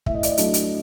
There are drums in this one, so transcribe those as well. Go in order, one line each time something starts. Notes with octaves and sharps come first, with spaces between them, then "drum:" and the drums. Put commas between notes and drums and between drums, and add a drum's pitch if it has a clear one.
A2 E5, drum: kick
D#5
D5, drum: hi-hat
D#5
F#3 A3 D4, drum: hi-hat
drum: hi-hat